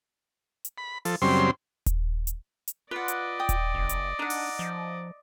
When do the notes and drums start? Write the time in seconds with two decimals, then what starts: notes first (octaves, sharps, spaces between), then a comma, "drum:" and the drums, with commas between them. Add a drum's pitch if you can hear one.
0.65 drum: hi-hat
0.78 B5
1.05 F3 A4, drum: open hi-hat
1.22 F#2 C#3 G3 C4 C6
1.86 drum: kick D#1, hi-hat
2.27 drum: hi-hat
2.68 drum: hi-hat
2.91 F4 B4 D5 D#5 F#5
3.08 drum: hi-hat
3.40 G5 D#6
3.49 drum: kick D#1, hi-hat
3.74 F#1
3.89 drum: hi-hat
4.19 D4 D#4 F#5
4.30 drum: open hi-hat
4.59 F3